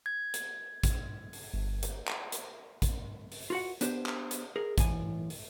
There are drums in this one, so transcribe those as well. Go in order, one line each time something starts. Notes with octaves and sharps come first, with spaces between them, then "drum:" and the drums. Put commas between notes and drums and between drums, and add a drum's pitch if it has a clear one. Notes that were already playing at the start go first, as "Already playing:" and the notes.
G#6
drum: hi-hat
drum: kick A1, hi-hat
drum: open hi-hat
G1
drum: hi-hat
drum: clap
drum: hi-hat
drum: kick A1, hi-hat
drum: open hi-hat
F4 F#4 F#5
B3 D4 G4 C5, drum: hi-hat
drum: clap
drum: hi-hat
G#4 A#4
A2 E3 G#5, drum: kick A1, hi-hat
drum: open hi-hat